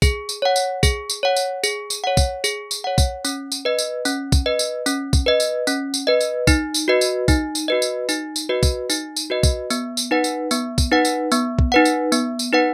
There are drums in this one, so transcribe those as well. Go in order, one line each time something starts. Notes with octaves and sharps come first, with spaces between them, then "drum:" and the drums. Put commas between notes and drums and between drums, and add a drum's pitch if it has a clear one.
G#4, drum: kick, tambourine
drum: tambourine
C#5 F#5
drum: tambourine
G#4, drum: kick, tambourine
drum: tambourine
C#5 F#5
drum: tambourine
G#4, drum: tambourine
drum: tambourine
C#5 F#5
drum: kick, tambourine
G#4, drum: tambourine
drum: tambourine
C#5 F#5
drum: kick, tambourine
C#4, drum: tambourine
drum: tambourine
B4 D#5
drum: tambourine
C#4, drum: tambourine
drum: kick, tambourine
B4 D#5
drum: tambourine
C#4, drum: tambourine
drum: kick, tambourine
B4 D#5
drum: tambourine
C#4, drum: tambourine
drum: tambourine
B4 D#5
drum: tambourine
D#4, drum: kick, tambourine
drum: tambourine
F#4 B4 D#5
drum: tambourine
D#4, drum: kick, tambourine
drum: tambourine
F#4 B4 D#5
drum: tambourine
D#4, drum: tambourine
drum: tambourine
F#4 B4 D#5
drum: kick, tambourine
D#4, drum: tambourine
drum: tambourine
F#4 B4 D#5
drum: kick, tambourine
B3, drum: tambourine
drum: tambourine
D#4 B4 F#5
drum: tambourine
B3, drum: tambourine
drum: kick, tambourine
D#4 B4 F#5
drum: tambourine
B3, drum: tambourine
drum: kick
D#4 B4 F#5
drum: tambourine
B3, drum: tambourine
drum: tambourine
D#4 B4 F#5